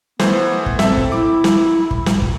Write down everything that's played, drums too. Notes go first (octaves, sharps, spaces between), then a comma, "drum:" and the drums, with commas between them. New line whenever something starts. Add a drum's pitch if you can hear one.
E3 A3 B3 C5, drum: snare
drum: kick
C4 A4 E5, drum: snare
drum: kick
E4 D6
drum: snare
drum: kick
drum: snare
drum: kick